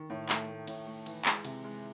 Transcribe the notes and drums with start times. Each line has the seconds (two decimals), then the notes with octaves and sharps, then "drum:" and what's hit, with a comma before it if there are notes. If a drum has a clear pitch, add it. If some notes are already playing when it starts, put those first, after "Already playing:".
Already playing: D#3
0.10 A2
0.29 A3, drum: clap
0.49 A3
0.67 A2, drum: cymbal
0.87 A3
1.06 E3, drum: cymbal
1.25 G#3, drum: clap
1.45 C3, drum: cymbal
1.64 G#3